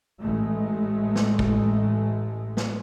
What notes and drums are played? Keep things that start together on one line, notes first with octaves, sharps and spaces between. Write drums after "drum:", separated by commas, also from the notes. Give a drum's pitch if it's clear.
A1 G#3 A3
drum: snare
drum: kick
drum: snare